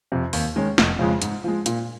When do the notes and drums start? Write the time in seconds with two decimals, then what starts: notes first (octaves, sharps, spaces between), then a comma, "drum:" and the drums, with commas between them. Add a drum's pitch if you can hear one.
0.12 F2 C3
0.33 D#2, drum: open hi-hat
0.56 D#3 G#3 C#4
0.78 F1, drum: snare
0.99 F2 C#3 F3 G#3
1.22 G#2, drum: hi-hat
1.44 F3 G#3
1.66 A#2, drum: hi-hat